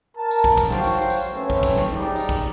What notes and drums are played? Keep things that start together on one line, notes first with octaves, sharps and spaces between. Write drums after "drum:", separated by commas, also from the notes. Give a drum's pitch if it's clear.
A#4 A5
drum: tambourine
drum: kick
drum: kick, tambourine
F#4 C5 C#5 F5 G5 C#6, drum: snare
drum: tambourine
drum: tambourine
A3 C4 C#4 B4 C#5
drum: kick
drum: kick, tambourine
drum: snare
G3 D#4 G4 G#4 D5
drum: tambourine
drum: kick